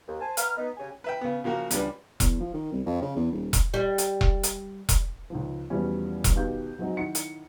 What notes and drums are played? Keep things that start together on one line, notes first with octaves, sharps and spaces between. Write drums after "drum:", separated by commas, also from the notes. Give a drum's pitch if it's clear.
D#2
C5 G#5 A5
B4 E5 F#5 A#5 F6, drum: hi-hat
B3 D#4
C#3 G4 C#5 G#5
B4 E5 G5
C#3 B3
C#3 F3 A#3 F#4
C#2 G3 D4 B4, drum: hi-hat
E2, drum: kick E1, hi-hat
F3
D#3
C2
F2
C#3
E2
D#1
drum: kick E1, hi-hat
G3
drum: hi-hat
drum: kick E1
drum: hi-hat
drum: kick E1, hi-hat
C#2 D#3 F3
E2 B2 E3 F3 G3 C#4
drum: kick E1, hi-hat
B2 D#3 G4 F5 G6
F3 F#3 G#3 C4 D#4 F#4
D#3 E4 F#5 C#7
drum: hi-hat